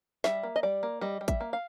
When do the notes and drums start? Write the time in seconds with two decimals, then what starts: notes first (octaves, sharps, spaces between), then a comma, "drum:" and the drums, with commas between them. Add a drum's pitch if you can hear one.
0.24 G3 E5, drum: snare
0.43 A#3
0.56 D#5
0.63 G3 D5
0.83 A#3
1.01 G3 D#5
1.21 G3
1.28 E5, drum: kick, hi-hat
1.41 A#3
1.53 F5